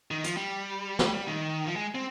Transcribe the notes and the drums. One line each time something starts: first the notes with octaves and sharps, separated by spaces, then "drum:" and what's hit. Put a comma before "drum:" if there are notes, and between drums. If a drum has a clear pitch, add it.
D#3
F3, drum: hi-hat
G3
drum: snare
D#3
F3
G#3
C4